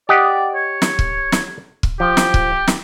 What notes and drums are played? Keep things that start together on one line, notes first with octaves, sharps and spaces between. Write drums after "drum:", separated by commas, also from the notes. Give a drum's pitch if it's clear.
G4 D5 D#5 F#5
C#5
drum: snare
drum: kick
drum: snare
drum: kick
F3 G4
drum: snare
drum: kick
drum: snare